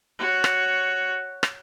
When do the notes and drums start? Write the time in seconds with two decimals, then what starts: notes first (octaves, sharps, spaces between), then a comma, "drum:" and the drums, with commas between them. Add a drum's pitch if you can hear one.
0.19 F#4 C#5
0.44 drum: rim click
1.43 drum: rim click